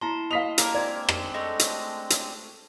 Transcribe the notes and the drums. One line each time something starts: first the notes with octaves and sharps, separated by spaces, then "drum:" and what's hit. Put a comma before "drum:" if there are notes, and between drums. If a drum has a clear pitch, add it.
E4 A5 A#5 C6
D#5 F5 B6 F7
A#3 A#4, drum: hi-hat
G#3 C4 D4 D5 G#6
drum: rim click
A3 D#5
drum: hi-hat
drum: hi-hat